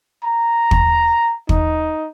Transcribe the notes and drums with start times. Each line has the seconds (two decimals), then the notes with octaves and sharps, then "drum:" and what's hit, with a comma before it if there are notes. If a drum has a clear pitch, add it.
0.24 A#5
0.71 drum: kick
1.49 D#4, drum: kick